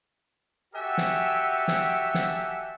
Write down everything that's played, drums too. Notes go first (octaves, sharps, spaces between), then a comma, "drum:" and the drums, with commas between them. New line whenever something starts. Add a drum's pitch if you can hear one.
F#4 G4 A4 E5 F#5 G#5
drum: snare
drum: snare
drum: snare